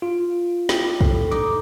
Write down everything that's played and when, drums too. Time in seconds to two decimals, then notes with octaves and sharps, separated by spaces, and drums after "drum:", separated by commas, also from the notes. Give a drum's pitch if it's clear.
0.02 F4
0.69 G4, drum: snare
1.01 A2, drum: kick
1.31 D#4 D6